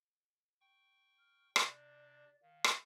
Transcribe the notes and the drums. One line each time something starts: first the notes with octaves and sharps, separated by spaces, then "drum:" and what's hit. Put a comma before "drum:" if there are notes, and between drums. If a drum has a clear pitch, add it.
G5 C#6
F6
C3 D4 D5, drum: rim click
D#3 F5
drum: rim click